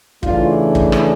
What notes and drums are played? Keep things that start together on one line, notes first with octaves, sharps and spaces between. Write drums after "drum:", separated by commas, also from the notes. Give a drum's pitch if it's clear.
C#3 E3 A3 D4 F4, drum: kick
drum: kick
drum: rim click